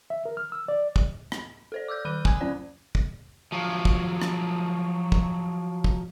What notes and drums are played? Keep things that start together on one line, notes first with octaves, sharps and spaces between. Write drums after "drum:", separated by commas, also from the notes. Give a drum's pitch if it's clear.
E5
A#4
F6
E6
D5
drum: kick
drum: rim click
A4 C5 D5
D6 E6 F6 G6
D#3 B5 D6 F#6 D#7
G#5 D#6 G#6, drum: kick
F#3 C#4 C5 D5
drum: kick
F3 F#3
drum: kick
drum: rim click
drum: kick
drum: kick